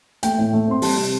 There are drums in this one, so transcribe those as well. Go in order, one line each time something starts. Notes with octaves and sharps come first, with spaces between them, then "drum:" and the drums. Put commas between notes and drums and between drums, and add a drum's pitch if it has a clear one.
A3 G5, drum: hi-hat
A2
A3
C4 C6
G3 A5, drum: open hi-hat
C3